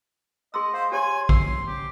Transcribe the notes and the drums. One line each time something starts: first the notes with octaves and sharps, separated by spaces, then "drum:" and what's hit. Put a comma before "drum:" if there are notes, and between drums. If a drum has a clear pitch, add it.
G#4 D#5 C6 E6
C5 F5
G4 C#5 G#5 C6
C6 E6, drum: kick A#1
G4